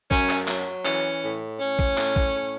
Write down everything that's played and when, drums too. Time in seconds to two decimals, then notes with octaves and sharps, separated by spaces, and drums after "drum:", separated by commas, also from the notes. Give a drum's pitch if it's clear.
0.11 F#2 C#4, drum: kick
0.30 drum: clap
0.48 F#3, drum: clap
0.85 E3 C#4, drum: clap
1.22 A2
1.60 A2 C#4
1.79 drum: kick
1.98 A2, drum: clap
2.16 drum: kick
2.35 A2